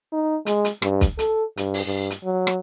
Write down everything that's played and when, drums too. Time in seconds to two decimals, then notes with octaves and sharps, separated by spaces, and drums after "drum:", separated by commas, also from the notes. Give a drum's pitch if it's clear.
0.13 D#4
0.46 G#3, drum: hi-hat
0.65 drum: hi-hat
0.82 G2, drum: rim click
1.01 drum: kick, hi-hat
1.19 A4, drum: hi-hat
1.57 G2, drum: hi-hat
1.74 drum: open hi-hat
1.86 G2
2.10 drum: hi-hat
2.25 F#3
2.47 drum: rim click